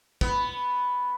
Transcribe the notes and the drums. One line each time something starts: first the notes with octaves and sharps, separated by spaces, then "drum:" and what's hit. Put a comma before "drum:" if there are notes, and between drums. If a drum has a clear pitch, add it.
B3, drum: kick